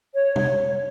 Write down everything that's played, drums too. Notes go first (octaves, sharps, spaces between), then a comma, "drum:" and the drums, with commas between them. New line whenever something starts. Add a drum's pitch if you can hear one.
C#5
C#5, drum: tom C3
C#5